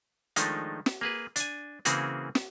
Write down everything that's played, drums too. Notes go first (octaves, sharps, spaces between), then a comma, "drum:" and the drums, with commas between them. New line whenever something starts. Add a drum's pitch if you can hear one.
D#3 F3 G#3 A3 D4 D#4, drum: hi-hat
drum: snare
A#3 G#4 B4
D4 G#5, drum: hi-hat
C#3 E3 A#3 C4 F#4 G#4, drum: hi-hat
drum: snare